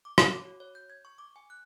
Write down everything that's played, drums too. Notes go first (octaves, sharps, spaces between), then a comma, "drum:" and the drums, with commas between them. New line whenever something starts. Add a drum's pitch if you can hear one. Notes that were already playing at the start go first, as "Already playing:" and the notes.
D6
C#5, drum: rim click
D6
F#4
C#5
G6
G#6
C#6
D6
G#5
F#6